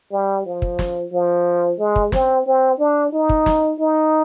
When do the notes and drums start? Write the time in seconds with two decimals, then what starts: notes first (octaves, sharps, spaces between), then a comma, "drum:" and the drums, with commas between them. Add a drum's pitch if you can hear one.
0.12 G3
0.46 F3
0.62 drum: kick
0.79 drum: snare
1.13 F3
1.79 G#3
1.96 drum: kick
2.12 C4, drum: snare
2.46 C4
2.79 D4
3.13 D#4
3.29 drum: kick
3.46 drum: snare
3.79 D#4